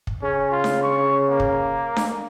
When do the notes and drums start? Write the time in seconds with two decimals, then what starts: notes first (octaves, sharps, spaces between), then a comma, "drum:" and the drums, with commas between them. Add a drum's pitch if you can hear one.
0.07 drum: kick
0.23 C#3 C#4
0.51 F4
0.64 drum: snare D4
0.83 C#6
1.29 A#3
1.40 drum: kick
1.96 drum: snare D4